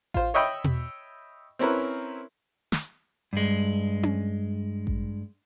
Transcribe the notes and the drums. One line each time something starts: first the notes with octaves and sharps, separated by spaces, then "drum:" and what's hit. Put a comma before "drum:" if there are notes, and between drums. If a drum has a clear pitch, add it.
F4 C5, drum: kick A1
C#5 D#5 E5 G5 B5
drum: tom B2
C4 C#4 E4 A#4 B4
drum: snare
G2 G#3
drum: tom C#4
drum: kick A1